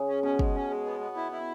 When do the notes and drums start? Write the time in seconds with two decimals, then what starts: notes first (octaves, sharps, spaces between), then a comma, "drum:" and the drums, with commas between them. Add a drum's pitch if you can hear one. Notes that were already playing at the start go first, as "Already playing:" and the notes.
Already playing: C#3
0.08 C#4
0.23 B2 C#4
0.39 G#3, drum: kick
0.55 C#4
0.70 G#3
0.85 B3
1.00 B3
1.16 E4
1.32 E4